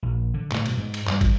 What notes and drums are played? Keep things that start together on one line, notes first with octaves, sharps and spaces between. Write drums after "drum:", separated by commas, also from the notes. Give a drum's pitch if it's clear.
A#1
D3
A2 G#3, drum: clap
G2 B2, drum: cymbal
G#2
drum: cymbal
G2 G3, drum: clap
drum: kick, cymbal